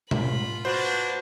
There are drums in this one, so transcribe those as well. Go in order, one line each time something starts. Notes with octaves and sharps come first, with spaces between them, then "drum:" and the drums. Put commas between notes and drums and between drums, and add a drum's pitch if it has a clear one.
F4 B5, drum: tom B2
A#3 D4 F#4 B4 C5